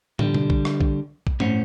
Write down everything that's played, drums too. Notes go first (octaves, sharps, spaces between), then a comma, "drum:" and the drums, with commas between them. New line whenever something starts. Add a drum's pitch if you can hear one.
D3 G3, drum: tom
drum: tom B2
drum: kick A#1
drum: rim click
drum: kick A#1
drum: kick A#1
A2 C#4 C5 F#5, drum: tom G2